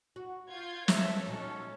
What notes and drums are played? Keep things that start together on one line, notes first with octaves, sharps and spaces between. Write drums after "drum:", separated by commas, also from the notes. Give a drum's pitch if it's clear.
F#4
F4 G6 G#6
A4 C#5 E5, drum: snare
A#2 C#4 D#4 F#4